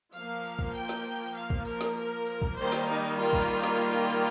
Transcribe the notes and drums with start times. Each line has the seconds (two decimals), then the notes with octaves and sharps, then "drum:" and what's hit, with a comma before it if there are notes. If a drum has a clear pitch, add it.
0.13 F3 A#3 F5, drum: tambourine
0.44 drum: tambourine
0.59 drum: kick
0.74 G5, drum: tambourine
0.89 drum: snare
1.04 drum: tambourine
1.35 F5, drum: tambourine
1.50 drum: kick
1.65 A#4, drum: tambourine
1.81 drum: snare
1.96 A#4, drum: tambourine
2.26 drum: tambourine
2.42 drum: kick
2.57 D#3 G3 A#3 C5, drum: tambourine
2.72 drum: snare
2.87 D#4, drum: tambourine
3.18 F4, drum: tambourine
3.33 drum: kick
3.48 drum: tambourine
3.64 drum: snare
3.79 drum: tambourine